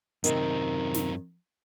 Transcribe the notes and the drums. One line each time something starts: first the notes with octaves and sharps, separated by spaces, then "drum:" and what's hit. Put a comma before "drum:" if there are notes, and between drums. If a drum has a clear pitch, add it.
F#2 C3 D#3 C4, drum: hi-hat
drum: snare